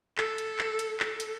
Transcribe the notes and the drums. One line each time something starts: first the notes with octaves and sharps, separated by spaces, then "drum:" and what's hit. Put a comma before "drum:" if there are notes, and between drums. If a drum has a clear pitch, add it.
A4, drum: clap
drum: hi-hat
drum: clap
drum: hi-hat
A4, drum: clap
drum: hi-hat